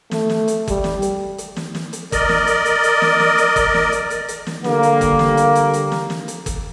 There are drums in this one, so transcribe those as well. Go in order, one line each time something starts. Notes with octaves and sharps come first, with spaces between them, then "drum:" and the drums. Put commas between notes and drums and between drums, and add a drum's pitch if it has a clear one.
A3, drum: snare
drum: snare
drum: hi-hat
G3, drum: kick G1, hi-hat
drum: snare
drum: hi-hat
drum: hi-hat
drum: snare
drum: snare
drum: hi-hat
A#4 D5 D#5, drum: kick G1, hi-hat
drum: snare
drum: hi-hat
drum: hi-hat
drum: hi-hat
drum: snare
drum: snare
drum: hi-hat
drum: kick G1, hi-hat
drum: snare
drum: hi-hat
drum: hi-hat
drum: hi-hat
drum: snare
D3 G3 A#3, drum: snare
drum: hi-hat
drum: kick G1, hi-hat
drum: snare
drum: hi-hat
drum: hi-hat
drum: hi-hat
drum: snare
drum: snare
drum: hi-hat
drum: kick G1, hi-hat